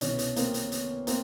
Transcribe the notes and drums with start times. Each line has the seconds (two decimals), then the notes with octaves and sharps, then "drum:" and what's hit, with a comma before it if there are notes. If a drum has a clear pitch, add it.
0.01 C2 B2 B3 C#4, drum: hi-hat
0.19 drum: hi-hat
0.36 A#3 C4, drum: hi-hat
0.54 drum: hi-hat
0.72 drum: hi-hat
1.07 A#3 C4, drum: hi-hat